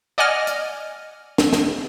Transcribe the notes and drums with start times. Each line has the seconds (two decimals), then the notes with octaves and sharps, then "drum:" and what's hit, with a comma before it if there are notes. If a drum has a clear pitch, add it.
0.18 D5 D#5 F#5 G#5 F6
0.47 drum: hi-hat
1.38 drum: snare
1.53 drum: snare